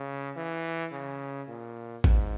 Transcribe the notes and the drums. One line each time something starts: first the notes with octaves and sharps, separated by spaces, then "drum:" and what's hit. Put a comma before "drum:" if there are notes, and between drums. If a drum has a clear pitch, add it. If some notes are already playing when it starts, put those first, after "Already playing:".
Already playing: C#3
E3
C#3
A#2
G#2, drum: kick